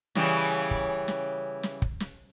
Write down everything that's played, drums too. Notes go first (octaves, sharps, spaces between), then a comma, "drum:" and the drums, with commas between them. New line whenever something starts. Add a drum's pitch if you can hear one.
C#3 E3 G3, drum: snare
drum: kick
drum: snare
drum: snare
drum: kick
drum: snare